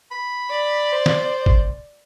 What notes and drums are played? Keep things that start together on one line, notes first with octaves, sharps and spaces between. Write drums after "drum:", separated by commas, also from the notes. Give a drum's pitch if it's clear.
B5
D5
C5
drum: snare D#3
drum: kick G#1